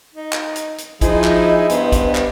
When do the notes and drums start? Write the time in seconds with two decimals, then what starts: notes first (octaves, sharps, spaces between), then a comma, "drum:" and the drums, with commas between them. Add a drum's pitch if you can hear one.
0.14 D#4
0.33 drum: clap
0.55 drum: hi-hat
0.78 drum: hi-hat
1.01 F3 D#4 E4 G#4 D#5, drum: kick, hi-hat
1.24 drum: clap
1.69 G2 B3 C5, drum: hi-hat
1.92 drum: kick, hi-hat
2.15 drum: clap